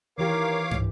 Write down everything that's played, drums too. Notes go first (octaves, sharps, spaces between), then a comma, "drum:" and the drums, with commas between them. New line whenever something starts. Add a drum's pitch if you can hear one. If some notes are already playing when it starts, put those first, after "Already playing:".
D#3 E3 A#3 G4 A#4 C#5 F5 D6
drum: tom